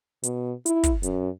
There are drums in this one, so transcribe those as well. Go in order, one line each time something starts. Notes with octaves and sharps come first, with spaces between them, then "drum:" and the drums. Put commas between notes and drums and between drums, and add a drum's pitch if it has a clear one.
B2, drum: hi-hat
E4, drum: hi-hat
drum: kick, hi-hat
F#2, drum: hi-hat